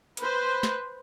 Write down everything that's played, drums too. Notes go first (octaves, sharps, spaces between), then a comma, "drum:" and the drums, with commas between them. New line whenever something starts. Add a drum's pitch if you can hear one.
B4 C5, drum: hi-hat
drum: snare